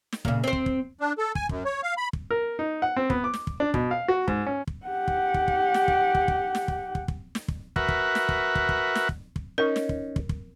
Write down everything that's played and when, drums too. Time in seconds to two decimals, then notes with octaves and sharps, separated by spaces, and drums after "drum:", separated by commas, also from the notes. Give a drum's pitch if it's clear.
0.13 drum: snare
0.25 A#2 C#3, drum: kick
0.44 C4 C5
0.53 drum: kick
0.66 drum: kick
1.00 D4
1.18 A4
1.35 G#5, drum: kick
1.49 F#2, drum: kick
1.65 C#5
1.83 F5
1.97 B5
2.13 drum: kick
2.31 A#4
2.59 D#4
2.82 F#5
2.97 C4
3.10 B3, drum: kick
3.24 D6
3.34 drum: snare
3.47 drum: kick
3.60 D4
3.74 B2, drum: kick
3.91 F5
4.08 F#4
4.28 G#2, drum: kick
4.47 C#4
4.67 drum: kick
4.86 G4 F#5
5.08 drum: kick
5.34 drum: kick
5.48 drum: kick
5.74 drum: snare
5.88 drum: kick
6.15 drum: kick
6.28 drum: kick
6.55 drum: snare
6.68 drum: kick
6.95 drum: kick
7.08 drum: kick
7.35 drum: snare
7.48 drum: kick
7.76 F#4 A#4 B4 E5 F#5, drum: kick
7.89 drum: kick
8.15 drum: snare
8.29 drum: kick
8.55 drum: kick
8.69 drum: kick
8.96 drum: snare
9.09 drum: kick
9.36 drum: kick
9.58 C#4 D#4 A#4
9.76 drum: snare
9.89 drum: kick
10.16 drum: kick
10.29 drum: kick